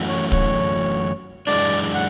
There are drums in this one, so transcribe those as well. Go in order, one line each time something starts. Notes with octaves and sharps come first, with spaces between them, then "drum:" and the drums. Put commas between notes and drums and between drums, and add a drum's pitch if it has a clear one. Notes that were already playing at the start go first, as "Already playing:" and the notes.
Already playing: F#2 E3 A3 C#4 F#4
C#5
C#5, drum: kick
F#2 E3 G#3 D4 D5
F#5